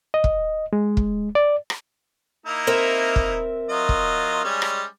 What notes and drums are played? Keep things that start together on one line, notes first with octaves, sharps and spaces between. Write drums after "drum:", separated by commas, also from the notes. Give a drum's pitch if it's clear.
D#5
drum: kick
G#3
drum: kick
D5
drum: rim click
A#3 D#4 E4
C4 A#4 E5
drum: kick
F#3 F4 D#5
drum: kick
G3 G#3 C#4
drum: rim click